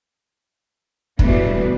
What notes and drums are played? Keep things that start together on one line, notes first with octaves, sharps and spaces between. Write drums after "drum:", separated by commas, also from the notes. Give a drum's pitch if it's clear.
B2 E3 G3 A3 B3 D4, drum: kick